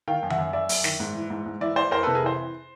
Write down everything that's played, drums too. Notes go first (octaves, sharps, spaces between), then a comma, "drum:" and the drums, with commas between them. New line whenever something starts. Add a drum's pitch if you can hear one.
D#3 F5 G5
F#2
E5 F#5, drum: tom D#3
F#2
F#2 D5 E5
F#2, drum: open hi-hat
D#3, drum: snare
G#2
E3
G#2
G#2
E3 D5 E5
E3 C5 D5
F2 A#4 C5
C3 A4 B4
G#4 A#4
E3 C5